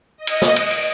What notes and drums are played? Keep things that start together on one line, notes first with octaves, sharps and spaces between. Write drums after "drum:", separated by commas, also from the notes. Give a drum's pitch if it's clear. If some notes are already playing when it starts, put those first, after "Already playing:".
D#5
drum: cymbal
drum: snare
D7, drum: cymbal
drum: cymbal